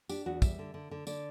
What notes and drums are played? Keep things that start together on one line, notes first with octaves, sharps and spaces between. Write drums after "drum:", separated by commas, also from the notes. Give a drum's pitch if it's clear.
D4 G4, drum: tambourine
E2 F#4
G3 E5, drum: kick, tambourine
D3
D3
D3
D3 D5, drum: tambourine